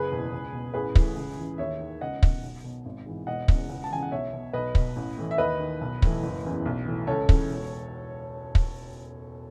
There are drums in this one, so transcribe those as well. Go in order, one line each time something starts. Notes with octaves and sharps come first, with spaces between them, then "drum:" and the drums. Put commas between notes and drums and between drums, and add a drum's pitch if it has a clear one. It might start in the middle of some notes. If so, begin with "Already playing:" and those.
Already playing: F#1 G#4 B4
E2 B2
C#2
B2
A1 G#4 B4
A2 E3, drum: kick
C#2
C#3 E3
D#2 C#5 E5
D#3
C#2 D#5 F#5
B2, drum: kick
B1
B2
G#1
G#2 E3
E1 D#5 F#5
E2 C#3, drum: kick
C#2
A5
C#3 E3 G#5
F#5
B1 C#5 E5
B2
B1 B4 D#5
B2, drum: kick
A1
A2 E3
E5
D#2 B4 D#5
D#3
B1
A2 E3, drum: kick
F#1
E2 C#3 E3
B1
A2 E3
C#2 A4 C#5
C#3 E3, drum: kick
E1
drum: kick